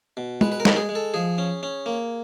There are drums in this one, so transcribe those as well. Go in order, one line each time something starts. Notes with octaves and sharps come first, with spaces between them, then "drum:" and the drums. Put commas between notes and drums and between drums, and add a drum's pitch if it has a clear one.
B2
G#3 B4, drum: tom G#3
B4
A#4
G#3, drum: snare
G#4
G#3
A4
F3 G#4
C#4
C#4
A#3